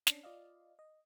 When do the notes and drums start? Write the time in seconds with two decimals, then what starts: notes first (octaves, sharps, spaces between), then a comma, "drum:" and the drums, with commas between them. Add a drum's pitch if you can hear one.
0.07 C#4 D4, drum: snare
0.23 F4 D5 D#5 F5
0.79 D#5